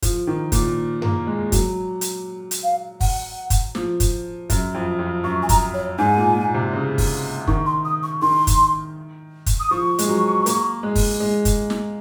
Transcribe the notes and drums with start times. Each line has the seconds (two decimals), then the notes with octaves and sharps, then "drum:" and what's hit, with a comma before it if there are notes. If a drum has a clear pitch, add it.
0.02 F3, drum: kick, hi-hat
0.27 D#3
0.52 A#2, drum: kick, hi-hat
1.02 A#3, drum: tom F#2
1.27 G#3
1.52 F#3, drum: kick, hi-hat
2.01 drum: hi-hat
2.51 drum: hi-hat
2.63 F5
3.00 F#5, drum: kick, open hi-hat
3.50 drum: kick, hi-hat
3.75 F3, drum: snare
4.00 drum: kick, hi-hat
4.50 F#2, drum: kick, hi-hat
4.75 F2
4.99 F2
5.24 F#2 C#6
5.43 G#5
5.49 A#5, drum: kick, hi-hat
5.74 C#5
5.98 G#2 G#5
6.17 A#2
6.36 A#2
6.54 C3
6.73 C#3
6.98 drum: kick, open hi-hat
7.47 D#3 C#6, drum: kick
7.66 C6
7.85 D#6
8.03 C#6
8.22 D#3 C6
8.47 drum: kick, hi-hat
9.46 drum: kick, hi-hat
9.60 D#6
9.71 F3 C#6
9.99 G#3, drum: hi-hat
10.08 F#3
10.46 A#3, drum: hi-hat
10.83 G#3
10.95 drum: kick, open hi-hat
11.20 G#3
11.45 drum: kick, hi-hat
11.70 drum: snare